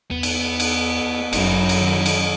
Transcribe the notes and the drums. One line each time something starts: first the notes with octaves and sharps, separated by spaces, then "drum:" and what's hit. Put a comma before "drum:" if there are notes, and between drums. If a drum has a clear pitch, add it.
E2 B3
drum: cymbal
drum: cymbal
G1 F#2 D#4 E4, drum: cymbal
drum: cymbal
D#3
drum: cymbal